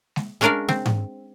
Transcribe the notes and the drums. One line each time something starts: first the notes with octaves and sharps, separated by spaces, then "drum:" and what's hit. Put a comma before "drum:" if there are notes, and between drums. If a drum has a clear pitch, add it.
drum: snare G#3
G#3 C#4 D4 A#4 D5 F5
C4, drum: snare G#3
drum: tom G#2